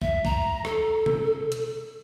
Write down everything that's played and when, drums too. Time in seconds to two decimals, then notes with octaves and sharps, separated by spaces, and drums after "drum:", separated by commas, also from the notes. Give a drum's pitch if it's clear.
0.02 E5, drum: kick
0.25 A#5, drum: kick
0.65 A4, drum: rim click
1.06 drum: tom B2
1.52 drum: hi-hat